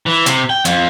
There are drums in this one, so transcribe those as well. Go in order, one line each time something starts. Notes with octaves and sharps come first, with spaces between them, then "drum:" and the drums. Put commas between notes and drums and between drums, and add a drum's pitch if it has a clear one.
E3
C3, drum: hi-hat
G5
F2, drum: hi-hat